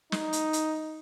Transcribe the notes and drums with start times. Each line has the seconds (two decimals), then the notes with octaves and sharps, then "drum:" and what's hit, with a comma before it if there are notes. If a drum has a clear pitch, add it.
0.12 D#4, drum: snare
0.33 drum: hi-hat
0.53 drum: hi-hat